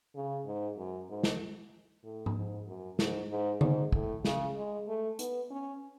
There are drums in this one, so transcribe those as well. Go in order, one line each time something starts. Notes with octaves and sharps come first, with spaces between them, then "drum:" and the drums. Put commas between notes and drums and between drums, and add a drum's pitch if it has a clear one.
C#3
G#2
F#2
G#2
drum: snare
A2
drum: tom G#2
G#2
F#2
G#2, drum: snare
G#2
G#2, drum: tom D3
A2, drum: kick
C#3, drum: snare
G#3
A3
B3, drum: hi-hat
C#4